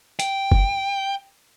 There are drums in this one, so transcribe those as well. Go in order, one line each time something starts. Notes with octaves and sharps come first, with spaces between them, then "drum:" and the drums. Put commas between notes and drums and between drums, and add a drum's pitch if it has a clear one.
G5, drum: hi-hat
drum: kick F#1